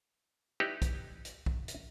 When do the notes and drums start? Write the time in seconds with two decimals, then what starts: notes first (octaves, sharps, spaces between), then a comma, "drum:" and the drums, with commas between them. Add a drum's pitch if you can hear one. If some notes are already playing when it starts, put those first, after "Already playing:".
0.60 D#4 E4 G4 B4 D5
0.82 drum: kick, hi-hat
1.25 drum: hi-hat
1.46 drum: kick
1.68 drum: hi-hat